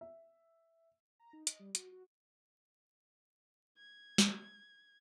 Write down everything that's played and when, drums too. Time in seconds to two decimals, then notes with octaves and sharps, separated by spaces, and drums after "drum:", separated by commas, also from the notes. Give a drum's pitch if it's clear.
0.01 E5
1.20 A#5
1.33 D#4
1.47 D#5, drum: hi-hat
1.59 G3
1.75 F#4, drum: hi-hat
1.92 F#4
3.78 G#6
4.18 drum: snare